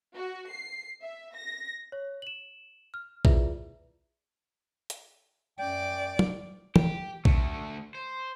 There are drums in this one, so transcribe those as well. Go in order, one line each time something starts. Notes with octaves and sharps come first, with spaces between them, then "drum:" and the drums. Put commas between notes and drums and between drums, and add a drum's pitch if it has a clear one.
F#4
C7
E5
A#6
C#5
E7 F#7
F6
E4 F4 G#4 B4 D5 E5, drum: kick A#1
drum: hi-hat
F#2 C#4 D5 G5
drum: tom
G4, drum: tom
D2 A3, drum: kick A#1
C5